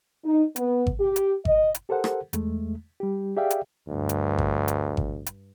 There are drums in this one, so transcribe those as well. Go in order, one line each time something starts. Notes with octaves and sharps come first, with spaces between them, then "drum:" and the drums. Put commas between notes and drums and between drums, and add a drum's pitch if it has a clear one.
D#4
B3, drum: hi-hat
drum: kick G#1
G4
drum: hi-hat
D#5, drum: kick G#1
drum: hi-hat
G4 A4 A#4 C5 F#5
drum: rim click
E2 G#3 A3, drum: hi-hat
G3 G4
G4 G#4 D5 E5 F5 G5
drum: hi-hat
D2 G2
drum: hi-hat
drum: kick G#1
drum: hi-hat
drum: kick G#1
drum: hi-hat